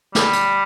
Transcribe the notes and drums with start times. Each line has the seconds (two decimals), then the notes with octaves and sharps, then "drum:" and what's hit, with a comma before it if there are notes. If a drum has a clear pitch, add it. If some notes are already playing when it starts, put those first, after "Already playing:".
0.15 G3, drum: snare
0.33 drum: hi-hat